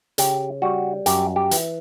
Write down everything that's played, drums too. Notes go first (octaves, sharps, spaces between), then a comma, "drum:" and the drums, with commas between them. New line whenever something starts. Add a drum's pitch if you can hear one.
C#3 G4, drum: hi-hat
G3 F#4
F#2 G4, drum: hi-hat
G4
E3, drum: hi-hat